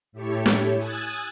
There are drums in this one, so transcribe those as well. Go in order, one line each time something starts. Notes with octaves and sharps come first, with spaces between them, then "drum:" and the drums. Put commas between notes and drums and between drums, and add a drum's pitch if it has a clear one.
A2 E4 G4 A4 C#5
drum: snare
G#5 D#6 E6 F#6 G#6 A6